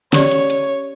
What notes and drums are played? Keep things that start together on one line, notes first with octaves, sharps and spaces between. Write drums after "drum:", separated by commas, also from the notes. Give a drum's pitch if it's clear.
C#4 G4 C#5 D5, drum: snare
drum: hi-hat
drum: hi-hat